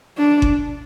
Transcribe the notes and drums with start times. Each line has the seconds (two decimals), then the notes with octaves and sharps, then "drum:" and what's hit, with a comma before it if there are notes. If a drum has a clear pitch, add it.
0.18 D4
0.42 drum: kick G1